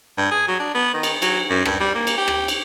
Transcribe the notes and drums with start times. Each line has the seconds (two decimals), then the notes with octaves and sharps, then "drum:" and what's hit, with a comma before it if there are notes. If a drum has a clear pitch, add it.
0.18 G2
0.31 G#4
0.48 F#3
0.59 D4
0.75 B3
0.94 D#3
1.03 drum: cymbal
1.22 F#3, drum: cymbal
1.50 F#2
1.65 G2, drum: rim click
1.80 G3
1.95 A#3
2.07 drum: cymbal
2.18 G4
2.28 drum: rim click
2.48 drum: cymbal